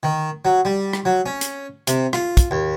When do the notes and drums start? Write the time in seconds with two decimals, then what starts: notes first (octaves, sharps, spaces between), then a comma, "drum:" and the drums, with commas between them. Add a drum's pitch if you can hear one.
0.03 D#3
0.45 F#3
0.65 G3
0.93 drum: rim click
1.05 F#3
1.26 C#4
1.41 drum: hi-hat
1.87 C3, drum: hi-hat
2.13 F4, drum: rim click
2.37 drum: kick, hi-hat
2.51 D#2